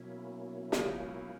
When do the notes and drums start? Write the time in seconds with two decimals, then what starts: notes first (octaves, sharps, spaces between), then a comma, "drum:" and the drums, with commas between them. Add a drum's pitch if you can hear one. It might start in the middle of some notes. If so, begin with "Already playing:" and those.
Already playing: B2 F#3 A#3 C#4 E4
0.72 D3, drum: snare
0.78 C#2 C#3